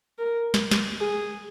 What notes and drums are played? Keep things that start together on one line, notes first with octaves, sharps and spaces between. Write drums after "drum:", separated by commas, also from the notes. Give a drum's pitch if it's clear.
A#4
drum: snare
drum: snare
G#4